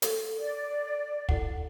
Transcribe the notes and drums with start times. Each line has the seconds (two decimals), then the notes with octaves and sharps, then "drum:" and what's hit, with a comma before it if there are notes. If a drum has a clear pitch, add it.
0.02 A4 A#4, drum: hi-hat
0.39 D5
1.29 E4 A4 F#5, drum: kick